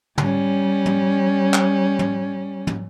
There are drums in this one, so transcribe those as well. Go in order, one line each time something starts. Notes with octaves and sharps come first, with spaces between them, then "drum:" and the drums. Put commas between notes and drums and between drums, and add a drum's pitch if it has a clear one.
G3 C#4, drum: tom
drum: tom
drum: clap
drum: tom
drum: tom